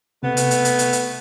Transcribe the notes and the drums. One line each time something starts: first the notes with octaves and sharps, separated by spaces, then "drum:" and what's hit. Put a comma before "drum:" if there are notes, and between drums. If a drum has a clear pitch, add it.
C3 A3 B3
drum: hi-hat
drum: hi-hat
drum: hi-hat
drum: hi-hat
drum: hi-hat